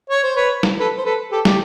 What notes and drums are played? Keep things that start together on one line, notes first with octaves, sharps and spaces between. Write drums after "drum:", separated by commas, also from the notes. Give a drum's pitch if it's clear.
C#5
C5
B4 C#5
drum: snare
A4 B4
C5
A4 B4
G4 A4
G4, drum: snare